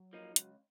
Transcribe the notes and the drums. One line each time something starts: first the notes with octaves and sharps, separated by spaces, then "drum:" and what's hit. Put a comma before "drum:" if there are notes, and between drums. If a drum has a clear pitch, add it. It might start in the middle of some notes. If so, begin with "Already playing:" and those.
Already playing: F#3
F3 A#3 D#4
C#2, drum: hi-hat